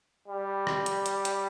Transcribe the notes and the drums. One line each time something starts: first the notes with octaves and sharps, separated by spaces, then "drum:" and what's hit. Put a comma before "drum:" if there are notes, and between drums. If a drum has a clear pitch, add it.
G3
drum: rim click
drum: hi-hat
drum: hi-hat
drum: hi-hat